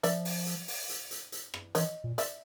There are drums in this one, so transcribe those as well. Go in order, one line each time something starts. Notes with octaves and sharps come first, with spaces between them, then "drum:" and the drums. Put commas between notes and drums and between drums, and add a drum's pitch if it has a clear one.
F3 D5 E5, drum: hi-hat
drum: open hi-hat
drum: hi-hat
drum: open hi-hat
drum: hi-hat
drum: hi-hat
drum: hi-hat
drum: rim click
E3 C#5 D#5, drum: hi-hat
A#2
D5 E5, drum: hi-hat